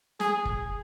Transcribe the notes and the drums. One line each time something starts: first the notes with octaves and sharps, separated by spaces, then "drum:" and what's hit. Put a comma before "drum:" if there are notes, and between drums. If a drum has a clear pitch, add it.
G#4, drum: snare
drum: kick F#1